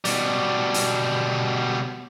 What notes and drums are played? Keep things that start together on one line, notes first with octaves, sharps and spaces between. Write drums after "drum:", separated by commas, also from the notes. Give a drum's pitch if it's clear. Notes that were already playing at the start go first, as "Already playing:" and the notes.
B2 G3, drum: hi-hat
drum: hi-hat